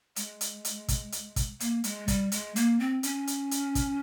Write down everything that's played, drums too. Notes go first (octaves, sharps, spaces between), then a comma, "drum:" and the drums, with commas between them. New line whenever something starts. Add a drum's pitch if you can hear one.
G#3, drum: hi-hat
drum: hi-hat
drum: hi-hat
drum: kick, hi-hat
drum: hi-hat
drum: kick, hi-hat
A#3, drum: hi-hat
G#3, drum: hi-hat
G3, drum: kick, hi-hat
G#3, drum: hi-hat
A#3, drum: hi-hat
C4
C#4, drum: hi-hat
drum: hi-hat
drum: hi-hat
drum: kick, hi-hat